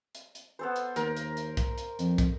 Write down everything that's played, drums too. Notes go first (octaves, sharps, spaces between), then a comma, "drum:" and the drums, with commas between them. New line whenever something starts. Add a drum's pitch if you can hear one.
drum: hi-hat
drum: hi-hat
B3 A4 C5
drum: hi-hat
D#2 A#4, drum: hi-hat
drum: hi-hat
drum: hi-hat
drum: kick, hi-hat
drum: hi-hat
F2, drum: hi-hat
drum: kick, hi-hat